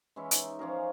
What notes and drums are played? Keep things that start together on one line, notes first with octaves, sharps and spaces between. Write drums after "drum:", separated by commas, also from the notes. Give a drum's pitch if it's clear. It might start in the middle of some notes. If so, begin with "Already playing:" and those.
E3 G#3 C#4 E4
D#4, drum: hi-hat
F3 C#4 G#4 A#4